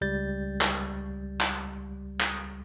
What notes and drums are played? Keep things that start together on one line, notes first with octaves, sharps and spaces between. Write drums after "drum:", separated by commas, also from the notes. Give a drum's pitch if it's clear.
C#2 G3 G6 A6
drum: clap
drum: clap
drum: clap